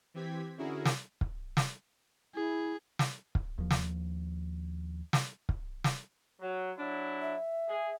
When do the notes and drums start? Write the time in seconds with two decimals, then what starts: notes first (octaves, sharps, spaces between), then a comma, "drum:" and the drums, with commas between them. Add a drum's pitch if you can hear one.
0.14 E3 C4 G4 G#6 B6
0.58 D3 C#4 E4 F#4 G#4 A#4
0.85 drum: snare
1.21 drum: kick
1.57 drum: snare
2.35 E4 G#4
2.99 drum: snare
3.35 drum: kick
3.58 D#2 F3
3.71 drum: snare
5.13 drum: snare
5.49 drum: kick
5.84 drum: snare
6.40 F#3
6.76 F#3 D4 E4
7.22 E5
7.68 G#4